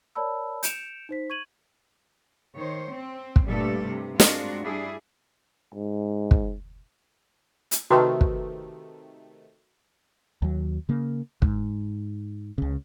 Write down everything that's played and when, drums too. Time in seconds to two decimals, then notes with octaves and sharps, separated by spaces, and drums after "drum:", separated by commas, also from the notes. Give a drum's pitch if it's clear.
0.15 A#4 C#5 D5 A5 B5 E6
0.63 G6 C#7 D7 E7 F7, drum: hi-hat
1.09 D#4 C5 B6
1.30 C#6 G#6 D#7 F#7
2.57 D#3 C5 C#5
2.92 C4
3.36 drum: kick
3.47 G2 A#2 G3 A3 A4
3.84 C3
4.20 G#3 C4 D4 F4 F#4 A#4, drum: snare
4.62 G3 D4 E4 G#4
5.75 G#2
6.31 drum: kick
7.71 drum: hi-hat
7.90 C3 D#3 A3 F#4 B4
8.21 drum: kick
10.42 D#2 F#3
10.89 C#3 A#3
11.42 G#2, drum: kick
12.58 C#2 C#3